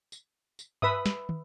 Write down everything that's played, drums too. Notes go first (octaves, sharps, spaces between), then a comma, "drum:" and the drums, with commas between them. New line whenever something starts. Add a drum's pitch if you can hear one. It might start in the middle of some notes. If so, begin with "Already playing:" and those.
drum: tambourine
drum: tambourine
B4 E5 D#6, drum: tom G2
drum: snare
drum: tom